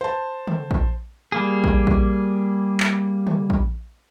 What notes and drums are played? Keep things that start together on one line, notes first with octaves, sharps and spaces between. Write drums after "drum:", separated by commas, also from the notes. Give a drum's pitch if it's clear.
C5 A5
drum: tom
drum: kick A#1
G3 A#3 G#4
drum: kick A#1
drum: kick A#1
drum: clap
drum: tom
drum: kick A#1